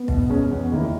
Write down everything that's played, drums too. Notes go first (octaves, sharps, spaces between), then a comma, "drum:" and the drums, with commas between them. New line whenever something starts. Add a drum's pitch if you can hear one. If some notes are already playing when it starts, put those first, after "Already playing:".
Already playing: B3
B2, drum: kick
G#3 C#4
E2
D#3 A#3 E4